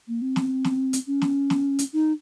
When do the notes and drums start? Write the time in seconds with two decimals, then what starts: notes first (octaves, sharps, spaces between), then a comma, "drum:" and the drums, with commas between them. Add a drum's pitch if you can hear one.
0.08 A#3
0.22 C4
0.36 drum: snare
0.64 drum: snare
0.93 drum: hi-hat
1.07 C#4
1.22 drum: snare
1.50 drum: snare
1.79 drum: hi-hat
1.93 D#4